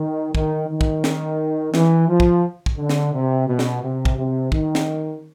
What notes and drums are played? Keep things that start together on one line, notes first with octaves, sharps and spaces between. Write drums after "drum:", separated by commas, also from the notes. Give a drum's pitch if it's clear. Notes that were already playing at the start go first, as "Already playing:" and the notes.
Already playing: D#3
D#3, drum: kick
D#3
drum: kick
drum: snare
E3, drum: snare
F3
drum: kick
drum: kick
D3
drum: snare
C3
B2
drum: snare
C3
drum: kick
C3
D#3, drum: kick
drum: snare